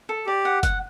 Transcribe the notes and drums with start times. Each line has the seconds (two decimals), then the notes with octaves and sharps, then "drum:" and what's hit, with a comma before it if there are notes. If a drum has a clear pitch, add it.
0.09 A4
0.26 G4 D5
0.45 F#5
0.63 F#5, drum: kick F#1, hi-hat